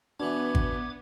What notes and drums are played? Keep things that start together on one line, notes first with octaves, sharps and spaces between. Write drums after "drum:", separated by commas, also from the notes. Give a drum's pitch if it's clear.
B2 E3 B3 D4 D6 G#6
drum: kick G#1